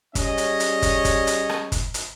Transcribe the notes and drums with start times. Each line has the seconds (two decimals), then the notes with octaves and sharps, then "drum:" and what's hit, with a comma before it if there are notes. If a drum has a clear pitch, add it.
0.15 G3 C#4 G#4 C#5 D#5, drum: kick, hi-hat
0.38 drum: hi-hat
0.60 drum: hi-hat
0.82 drum: kick, hi-hat
1.05 drum: kick, hi-hat
1.27 drum: hi-hat
1.49 drum: rim click
1.72 drum: kick, hi-hat
1.94 drum: hi-hat